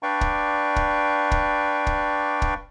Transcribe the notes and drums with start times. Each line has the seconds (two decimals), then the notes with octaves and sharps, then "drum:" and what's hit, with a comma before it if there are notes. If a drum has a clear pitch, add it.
0.03 D4 B4 D5 F5 G5 C#6
0.21 drum: kick
0.76 drum: kick
1.31 drum: kick
1.87 drum: kick
2.42 drum: kick